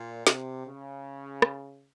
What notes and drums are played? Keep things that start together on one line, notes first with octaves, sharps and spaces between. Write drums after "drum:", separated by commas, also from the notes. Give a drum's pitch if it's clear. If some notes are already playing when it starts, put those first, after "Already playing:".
Already playing: A#2
C3, drum: snare
C#3
drum: rim click